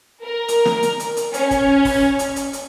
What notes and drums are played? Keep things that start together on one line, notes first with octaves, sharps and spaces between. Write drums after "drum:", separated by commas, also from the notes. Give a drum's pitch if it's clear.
A#4
drum: hi-hat
drum: snare
drum: hi-hat
drum: hi-hat
drum: hi-hat
C#4, drum: hi-hat
drum: kick, hi-hat
drum: kick, open hi-hat
drum: hi-hat
drum: hi-hat
drum: hi-hat